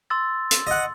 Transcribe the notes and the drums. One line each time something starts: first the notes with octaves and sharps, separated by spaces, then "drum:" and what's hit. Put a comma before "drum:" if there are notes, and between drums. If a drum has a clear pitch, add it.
C6 E6 A6
drum: hi-hat
D#5 F#5